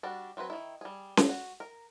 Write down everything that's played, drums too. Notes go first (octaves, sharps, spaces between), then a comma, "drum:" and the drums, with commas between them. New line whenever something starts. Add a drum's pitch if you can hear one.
G3 D4 F#4
F#3 C4 F#4 B4
D#3 E4
G3 G#4
drum: snare C#4
F#4
A#4